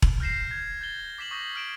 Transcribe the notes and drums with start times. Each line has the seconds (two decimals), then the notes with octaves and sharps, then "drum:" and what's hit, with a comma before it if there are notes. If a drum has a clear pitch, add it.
0.02 drum: kick E1
0.20 F6 G6 A#6 C7 E7
0.51 G#6
0.81 G6 A6 G7
1.18 D6 B6 E7 F#7
1.31 C#6 D#6 G6 A#6
1.56 F6 D7 E7